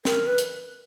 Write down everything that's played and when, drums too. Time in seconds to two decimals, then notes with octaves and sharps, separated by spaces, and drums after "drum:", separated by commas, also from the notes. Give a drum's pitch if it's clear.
0.05 A#4, drum: snare
0.27 B4
0.38 drum: hi-hat